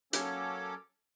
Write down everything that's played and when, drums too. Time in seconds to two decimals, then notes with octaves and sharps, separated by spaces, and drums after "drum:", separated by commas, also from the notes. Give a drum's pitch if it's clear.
0.13 F#3 A#3 C#4 A4 C#5 D6, drum: hi-hat